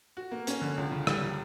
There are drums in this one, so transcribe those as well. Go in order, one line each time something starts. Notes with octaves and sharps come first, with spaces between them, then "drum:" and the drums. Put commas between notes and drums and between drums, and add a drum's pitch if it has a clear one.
F#4
A#3
C#4, drum: hi-hat
D3
C#2
C#3
G3, drum: rim click